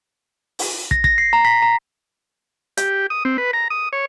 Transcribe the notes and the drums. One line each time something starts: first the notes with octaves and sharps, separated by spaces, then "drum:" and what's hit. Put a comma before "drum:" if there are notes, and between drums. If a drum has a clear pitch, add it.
drum: open hi-hat
A#6, drum: kick
A#6, drum: kick
C7
A#5
B6
A#5
G4, drum: hi-hat
D#6
C4
B4
A#5
D#6
C#5